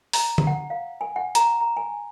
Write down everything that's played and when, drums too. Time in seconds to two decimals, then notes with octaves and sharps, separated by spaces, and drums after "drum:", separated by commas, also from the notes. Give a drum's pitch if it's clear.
0.13 A#5, drum: open hi-hat
0.38 drum: tom D3
0.47 F#5
0.70 F5
1.01 G#5
1.16 F#5
1.35 A#5, drum: hi-hat
1.61 A#5
1.77 G#5